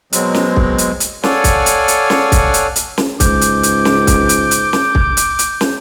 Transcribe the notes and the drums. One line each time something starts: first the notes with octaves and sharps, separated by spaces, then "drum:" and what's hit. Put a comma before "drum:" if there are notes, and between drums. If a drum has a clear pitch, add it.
B2 F#3 G#3 C4, drum: hi-hat
drum: snare
drum: kick
drum: hi-hat
drum: hi-hat
A4 C#5 D5 F5 F#5 G#5, drum: snare
drum: kick, hi-hat
drum: hi-hat
drum: hi-hat
drum: snare
drum: kick, hi-hat
drum: hi-hat
drum: hi-hat
drum: snare
C#2 G#2 D6 G6, drum: kick, hi-hat
drum: hi-hat
drum: hi-hat
drum: snare
drum: kick, hi-hat
drum: hi-hat
drum: hi-hat
drum: snare
drum: kick
drum: hi-hat
drum: hi-hat
drum: snare